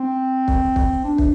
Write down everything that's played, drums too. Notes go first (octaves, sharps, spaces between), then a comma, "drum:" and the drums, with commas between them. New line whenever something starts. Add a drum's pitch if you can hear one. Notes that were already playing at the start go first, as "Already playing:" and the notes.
Already playing: C4
drum: kick
drum: kick
D4
drum: kick